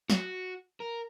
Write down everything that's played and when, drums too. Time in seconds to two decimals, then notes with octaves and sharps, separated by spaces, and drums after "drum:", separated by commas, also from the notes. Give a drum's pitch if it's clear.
0.10 F#4, drum: snare
0.80 A#4